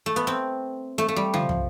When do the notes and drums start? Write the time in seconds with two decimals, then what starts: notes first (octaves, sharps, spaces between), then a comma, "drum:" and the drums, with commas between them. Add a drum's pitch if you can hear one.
0.06 A3
0.16 B3
0.27 C4
0.98 A3
1.08 A3
1.16 G3
1.34 F3, drum: tom
1.49 drum: tom